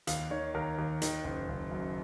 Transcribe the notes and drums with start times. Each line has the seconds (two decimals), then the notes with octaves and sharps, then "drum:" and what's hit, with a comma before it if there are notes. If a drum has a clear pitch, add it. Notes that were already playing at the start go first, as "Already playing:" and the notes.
0.07 D#2 F5, drum: hi-hat
0.31 D#3 C#5
0.54 D#2 A#4
0.78 D#2
1.02 D#3, drum: hi-hat
1.24 F#1
1.48 F#1
1.71 F#2